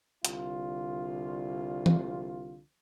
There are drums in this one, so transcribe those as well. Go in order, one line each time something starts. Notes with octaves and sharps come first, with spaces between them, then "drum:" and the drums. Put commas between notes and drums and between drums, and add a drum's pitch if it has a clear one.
C2 D3 F4, drum: hi-hat
drum: tom E3